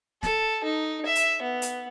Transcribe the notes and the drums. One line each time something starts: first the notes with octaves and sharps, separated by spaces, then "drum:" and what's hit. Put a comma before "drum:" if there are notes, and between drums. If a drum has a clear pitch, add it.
A4, drum: snare
D#4
E5
drum: hi-hat
B3
drum: hi-hat